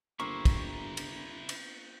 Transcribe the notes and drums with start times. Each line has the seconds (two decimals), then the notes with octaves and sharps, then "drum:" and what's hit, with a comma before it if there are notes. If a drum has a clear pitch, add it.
0.20 G1 A#3 C4 E4 C5 C#6
0.45 drum: kick, cymbal
0.97 drum: cymbal
1.49 drum: cymbal